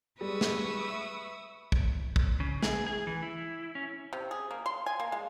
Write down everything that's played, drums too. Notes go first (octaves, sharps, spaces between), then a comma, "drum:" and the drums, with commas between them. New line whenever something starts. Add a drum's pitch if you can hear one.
G3 G#3 B4 C#6 D#6 E6
drum: snare
E5
drum: kick
drum: kick
C#3
G#4, drum: snare
G#4
E3
E4
C#4
C3
G#4
A#3
C6
G#5
A#3
G#3